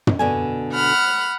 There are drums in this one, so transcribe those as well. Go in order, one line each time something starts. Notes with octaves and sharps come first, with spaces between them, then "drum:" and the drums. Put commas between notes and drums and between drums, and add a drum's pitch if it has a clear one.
drum: tom
B2 D3 G#5
F#5 B5 F6